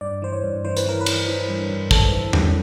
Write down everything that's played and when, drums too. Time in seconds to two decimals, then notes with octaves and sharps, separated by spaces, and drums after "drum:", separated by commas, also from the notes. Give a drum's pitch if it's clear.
0.01 G2 D5
0.22 E3 C5
0.33 C#5
0.44 G2
0.65 E3 C5
0.77 B4, drum: hi-hat
0.86 E3 A#4
1.01 B4
1.06 E3, drum: cymbal
1.28 E3
1.49 G2
1.70 G2
1.91 G2 A4, drum: kick
2.12 E3
2.33 G2, drum: tom E2